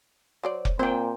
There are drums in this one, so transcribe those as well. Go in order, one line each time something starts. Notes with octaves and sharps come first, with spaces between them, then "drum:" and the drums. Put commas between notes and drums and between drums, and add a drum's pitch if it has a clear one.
F#3 C5 D5
drum: kick F1
A#2 C4 C5 G5